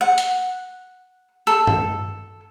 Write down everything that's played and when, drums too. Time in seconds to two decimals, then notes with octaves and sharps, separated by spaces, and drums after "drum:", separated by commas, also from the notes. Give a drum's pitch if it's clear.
0.01 F#5
0.18 drum: hi-hat
1.47 A4
1.67 drum: tom G2